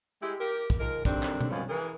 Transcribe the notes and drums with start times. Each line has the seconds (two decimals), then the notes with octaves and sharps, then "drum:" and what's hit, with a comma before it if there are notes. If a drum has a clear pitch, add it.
0.22 G#3 E4 G4
0.40 G4 A#4
0.70 drum: kick, hi-hat
0.80 D#3 F3 G#3 A#4
1.05 D3 D#3 F#3 G3 C4 D4, drum: kick, hi-hat
1.23 drum: clap
1.40 drum: tom B2
1.50 F#2 B2 D3 D#3 F3 C#4
1.69 E3 G#4 A#4